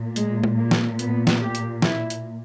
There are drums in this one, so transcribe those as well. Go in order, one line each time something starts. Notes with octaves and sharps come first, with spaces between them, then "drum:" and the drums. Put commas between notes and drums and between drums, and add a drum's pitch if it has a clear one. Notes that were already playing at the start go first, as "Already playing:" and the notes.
Already playing: A#2
G#3, drum: hi-hat
drum: tom G#3
A#3
drum: snare
B3, drum: hi-hat
drum: snare
G4
drum: hi-hat
E4, drum: snare
drum: hi-hat